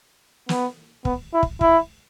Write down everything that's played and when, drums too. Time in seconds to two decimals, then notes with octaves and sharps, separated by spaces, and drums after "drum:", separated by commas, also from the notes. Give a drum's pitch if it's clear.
0.49 B3, drum: snare
1.05 B3, drum: kick
1.34 E4
1.43 drum: kick
1.61 E4, drum: kick